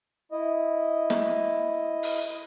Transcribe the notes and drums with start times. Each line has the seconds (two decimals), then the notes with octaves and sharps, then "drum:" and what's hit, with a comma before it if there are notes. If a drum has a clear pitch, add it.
0.32 E4 D#5
1.10 drum: snare
2.03 drum: open hi-hat